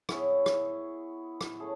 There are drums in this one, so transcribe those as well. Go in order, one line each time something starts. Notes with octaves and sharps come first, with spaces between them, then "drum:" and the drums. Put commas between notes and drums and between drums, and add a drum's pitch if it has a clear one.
B3 E4 G#4 C#5, drum: rim click
drum: rim click
drum: rim click
A3 C#4 G#4